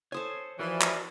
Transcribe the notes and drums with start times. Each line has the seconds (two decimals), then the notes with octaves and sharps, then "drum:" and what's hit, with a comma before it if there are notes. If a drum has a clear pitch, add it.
0.12 A4 C5 C#5 G#5 D#6
0.59 E3 F3 F#4 A#4 D5
0.81 drum: clap